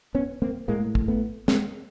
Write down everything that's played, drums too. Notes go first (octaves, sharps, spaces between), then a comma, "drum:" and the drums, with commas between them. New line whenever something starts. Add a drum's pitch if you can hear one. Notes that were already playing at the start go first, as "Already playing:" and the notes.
B3 C#4
A#3 C4
A2 G#3 A#3
drum: kick
A3 B3
G#3 A#3, drum: snare